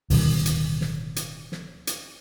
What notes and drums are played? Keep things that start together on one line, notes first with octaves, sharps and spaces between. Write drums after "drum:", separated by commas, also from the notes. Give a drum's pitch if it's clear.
D1 B2 D#3 G3, drum: open hi-hat
drum: hi-hat
drum: snare
drum: hi-hat
drum: snare
drum: hi-hat